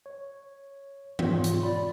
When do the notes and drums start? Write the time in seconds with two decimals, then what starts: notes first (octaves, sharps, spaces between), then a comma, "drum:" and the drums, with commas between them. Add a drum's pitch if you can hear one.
0.06 C#5
1.19 G#2 B2 F4 C#5, drum: tom E3
1.44 drum: hi-hat
1.63 D5 B5